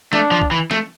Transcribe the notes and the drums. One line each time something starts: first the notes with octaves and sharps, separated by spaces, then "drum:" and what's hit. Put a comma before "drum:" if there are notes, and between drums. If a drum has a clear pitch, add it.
A3 D4, drum: snare
F3
drum: kick
E3
A3, drum: snare